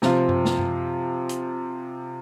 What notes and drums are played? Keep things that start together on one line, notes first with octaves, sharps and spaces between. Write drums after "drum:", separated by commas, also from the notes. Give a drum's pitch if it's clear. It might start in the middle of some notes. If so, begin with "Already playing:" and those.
C3 F3 C4 F4, drum: snare
drum: tom F#2
drum: snare
drum: tom F#2
drum: hi-hat